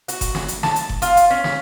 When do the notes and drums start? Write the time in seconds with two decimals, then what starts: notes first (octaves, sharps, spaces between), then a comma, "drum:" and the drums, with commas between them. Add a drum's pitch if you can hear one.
0.08 F#4, drum: hi-hat
0.21 drum: kick F#1, hi-hat
0.35 drum: snare
0.48 drum: hi-hat
0.63 A5, drum: snare
0.76 drum: hi-hat
0.89 drum: kick F#1
1.02 F4, drum: hi-hat
1.17 drum: hi-hat
1.30 C#4
1.44 drum: snare